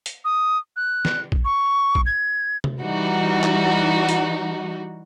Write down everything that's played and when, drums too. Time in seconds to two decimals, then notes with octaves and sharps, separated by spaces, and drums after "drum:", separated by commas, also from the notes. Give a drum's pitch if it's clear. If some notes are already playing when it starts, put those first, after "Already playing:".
0.06 drum: hi-hat
0.25 D#6
0.76 F#6
1.05 drum: snare
1.32 drum: kick
1.45 C#6
1.95 drum: kick
2.06 G#6
2.64 drum: tom C3
2.80 E3 G3 D#4 F#4
3.43 drum: clap
4.09 drum: hi-hat